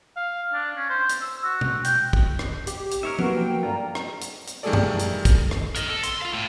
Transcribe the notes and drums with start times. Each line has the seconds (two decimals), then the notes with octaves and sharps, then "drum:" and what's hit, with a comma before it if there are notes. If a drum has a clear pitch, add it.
0.16 F5
0.54 D4
0.77 C#4
0.90 C5
1.09 drum: hi-hat
1.21 E6
1.44 F#4
1.61 drum: tom B2
1.84 G5, drum: hi-hat
2.13 drum: kick
2.39 drum: rim click
2.67 G4, drum: hi-hat
2.91 drum: hi-hat
3.03 D#4 A#4 C#5 E5
3.19 F#3 A#3 C4 F#4 A#4 B4, drum: tom
3.37 G5
3.63 G2 D3 F4 A#5
3.95 drum: rim click
4.21 drum: hi-hat
4.47 drum: hi-hat
4.63 D#3 G3 A3 G#4 A4 D5
4.73 drum: tom F#2
4.99 drum: hi-hat
5.25 drum: kick, hi-hat
5.51 drum: rim click
5.75 A#4 D#5, drum: hi-hat
5.89 A4
6.03 C6, drum: hi-hat
6.21 F4 F5
6.34 A2